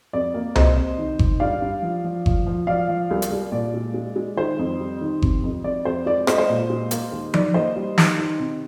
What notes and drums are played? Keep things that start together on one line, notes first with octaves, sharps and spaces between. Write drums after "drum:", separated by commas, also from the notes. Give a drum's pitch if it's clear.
F2 D5
A#3
C3 C5 D#5, drum: tom C2
C3
D#3
D#3, drum: kick G1
G2 D5 F5
G2
F3
F3
F3, drum: kick G1
F3
F3 D5 F5
F3
C2
drum: hi-hat
C2
A#2 D5
G#3
G#3
G#3
D#3 C5
F2
G3
D#3
C3, drum: kick G1
F2
F2 D5
F2 C5
G#3 D5
G#3 C5 D#5, drum: rim click
C5 D#5
A#2
G#3
A#3, drum: hi-hat
D#2
D#3 D5, drum: tom F3
A#3 C5 D#5
G3
D#3, drum: snare
D#3
C3